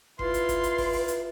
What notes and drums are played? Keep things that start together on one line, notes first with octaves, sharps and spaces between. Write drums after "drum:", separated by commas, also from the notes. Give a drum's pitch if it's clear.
E4 F4 B4 C6, drum: kick G1
drum: hi-hat
drum: kick G1, hi-hat
drum: hi-hat
drum: kick G1, open hi-hat
drum: open hi-hat
drum: hi-hat